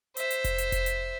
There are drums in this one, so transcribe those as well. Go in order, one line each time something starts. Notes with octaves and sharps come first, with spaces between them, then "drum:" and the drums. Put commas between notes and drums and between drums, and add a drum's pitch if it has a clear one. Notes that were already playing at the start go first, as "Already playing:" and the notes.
C5 E5, drum: hi-hat
drum: hi-hat
drum: kick F1, hi-hat
drum: hi-hat
drum: kick F1, hi-hat
drum: hi-hat